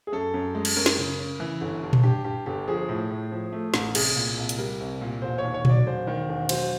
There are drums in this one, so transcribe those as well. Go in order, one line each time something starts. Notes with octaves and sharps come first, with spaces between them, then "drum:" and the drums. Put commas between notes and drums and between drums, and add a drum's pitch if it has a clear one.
G#4
F#2 A4
F#2
G#3
drum: cymbal
F#2 A#4
drum: snare
C#3
C#3
E3
G1
G2
drum: tom A#2
G2 G4
G2 G4
G1 G4
F3 G#4
A2
A2
F3
A3
A1, drum: snare
C2 G#4, drum: cymbal
A#2
C2
drum: hi-hat
G3 A#4
C2
A#2
E1 C5
C#5
D#2
C#5
F#3 D5, drum: tom A#2
E1 C5
D#3
E1
F#3 C5, drum: cymbal